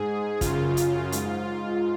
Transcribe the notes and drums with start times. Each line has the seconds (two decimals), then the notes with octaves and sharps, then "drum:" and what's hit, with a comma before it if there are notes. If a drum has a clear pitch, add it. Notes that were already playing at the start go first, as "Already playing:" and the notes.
Already playing: G#2 G#4
0.41 F#2 C#3 F4, drum: kick, hi-hat
0.77 drum: hi-hat
1.12 G#2, drum: hi-hat